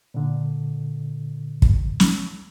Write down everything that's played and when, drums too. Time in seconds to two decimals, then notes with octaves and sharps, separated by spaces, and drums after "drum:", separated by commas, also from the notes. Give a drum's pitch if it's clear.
0.14 A#2 D3
1.62 drum: kick
2.00 drum: snare